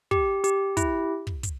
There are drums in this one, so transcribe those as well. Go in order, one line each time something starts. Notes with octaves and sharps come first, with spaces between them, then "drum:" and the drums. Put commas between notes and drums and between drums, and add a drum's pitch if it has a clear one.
G4, drum: kick
G4, drum: hi-hat
E4, drum: kick, hi-hat
drum: kick
drum: kick, hi-hat